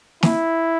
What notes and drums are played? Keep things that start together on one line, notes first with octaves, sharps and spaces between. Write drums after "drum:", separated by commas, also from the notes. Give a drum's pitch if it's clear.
E4, drum: snare